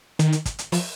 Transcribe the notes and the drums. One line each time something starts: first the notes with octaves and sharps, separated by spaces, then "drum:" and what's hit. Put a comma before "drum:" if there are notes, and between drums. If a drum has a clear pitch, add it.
D#3, drum: hi-hat
drum: hi-hat
drum: kick, hi-hat
drum: hi-hat
F3, drum: open hi-hat